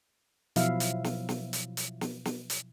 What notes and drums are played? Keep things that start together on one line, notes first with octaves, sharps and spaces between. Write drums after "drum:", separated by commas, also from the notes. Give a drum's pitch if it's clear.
B2 F3 F#3 E4 E5 F5, drum: hi-hat
drum: hi-hat
drum: snare
drum: snare
drum: hi-hat
drum: hi-hat
drum: snare
drum: snare
drum: hi-hat